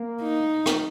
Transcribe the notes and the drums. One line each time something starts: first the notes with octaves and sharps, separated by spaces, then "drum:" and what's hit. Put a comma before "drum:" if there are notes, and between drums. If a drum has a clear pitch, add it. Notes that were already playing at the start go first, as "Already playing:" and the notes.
Already playing: A#3
D#4
drum: rim click